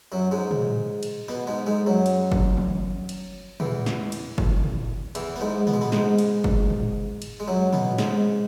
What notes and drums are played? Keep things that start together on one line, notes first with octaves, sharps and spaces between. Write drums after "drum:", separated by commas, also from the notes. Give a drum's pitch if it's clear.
F#2 F#3
G#2 G#3
drum: tom
drum: cymbal
B2 B3
G#2 G#3
G#2 G#3
F#2 F#3
drum: cymbal
drum: kick
drum: tom
drum: cymbal
E2 E3, drum: tom
drum: snare
drum: cymbal
drum: kick
drum: tom
E2 E3, drum: cymbal
B3
G#2 G#3
B3, drum: tom
G#3
B2 B3
G#2 G#3, drum: snare
drum: cymbal
drum: kick
drum: tom
drum: cymbal
G#3
F#2 F#3
B2 B3, drum: tom
G#2 G#3, drum: snare